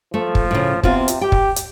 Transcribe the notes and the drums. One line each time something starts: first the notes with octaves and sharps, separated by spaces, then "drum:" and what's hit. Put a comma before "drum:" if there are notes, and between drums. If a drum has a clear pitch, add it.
F3 A3
drum: kick
A2 C#3
C3 B3 C4 F4, drum: kick
drum: hi-hat
G4 G5
drum: kick
drum: hi-hat